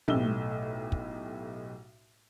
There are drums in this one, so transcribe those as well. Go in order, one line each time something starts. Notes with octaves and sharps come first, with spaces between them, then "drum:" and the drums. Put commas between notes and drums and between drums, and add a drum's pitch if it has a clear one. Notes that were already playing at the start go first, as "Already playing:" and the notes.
B1 A2 A3 G4 E6 G7, drum: tom
drum: kick